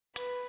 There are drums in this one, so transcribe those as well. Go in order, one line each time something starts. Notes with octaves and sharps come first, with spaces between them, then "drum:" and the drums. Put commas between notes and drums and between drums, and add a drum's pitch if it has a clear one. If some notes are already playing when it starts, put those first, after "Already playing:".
B4, drum: hi-hat